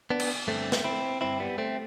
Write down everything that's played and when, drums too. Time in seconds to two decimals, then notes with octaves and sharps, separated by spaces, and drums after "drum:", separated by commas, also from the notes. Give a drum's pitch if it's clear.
0.10 B3 D4
0.20 drum: cymbal
0.47 G2 D3 A3 C4
0.72 drum: snare
0.84 C4 E4
1.21 G2 D3 C4 E4
1.40 G3 B3
1.58 A3 C4